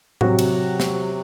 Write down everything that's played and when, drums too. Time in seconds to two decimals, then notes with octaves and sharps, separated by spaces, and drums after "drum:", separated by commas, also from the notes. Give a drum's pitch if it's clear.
0.21 C3 F#3 F#4, drum: tom A2
0.39 drum: cymbal
0.80 drum: snare